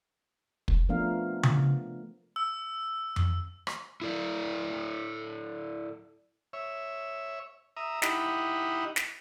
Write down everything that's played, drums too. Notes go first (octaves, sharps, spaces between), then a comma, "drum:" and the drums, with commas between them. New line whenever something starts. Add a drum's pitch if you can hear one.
drum: kick
F3 A3 B3 D4 A#4 F5
drum: tom C#3
E6
drum: tom F2
drum: rim click
E4 A4 D5
C#5 E5
E5 A#5 D#6
D#4 E4 G4 D#5 F#5 B5, drum: snare
drum: snare